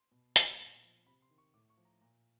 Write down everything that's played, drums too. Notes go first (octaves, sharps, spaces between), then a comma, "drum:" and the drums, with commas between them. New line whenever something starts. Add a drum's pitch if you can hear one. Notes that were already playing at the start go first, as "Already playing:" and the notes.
Already playing: C6
B2
drum: hi-hat
A#2
F3
C3 B5
C6
D#3
C#6
A2 D6
C#6
F3
A#5
A#2 A#5